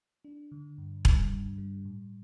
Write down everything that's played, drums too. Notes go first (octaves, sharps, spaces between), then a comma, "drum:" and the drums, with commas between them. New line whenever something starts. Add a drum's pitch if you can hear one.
D4
D3
G2
G3, drum: kick E1
G2
G3
A2